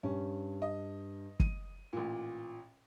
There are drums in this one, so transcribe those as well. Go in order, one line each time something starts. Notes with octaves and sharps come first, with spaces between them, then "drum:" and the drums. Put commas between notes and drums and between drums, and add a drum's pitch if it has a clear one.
G2 C#4
D#5
D#7, drum: kick
A1 A#2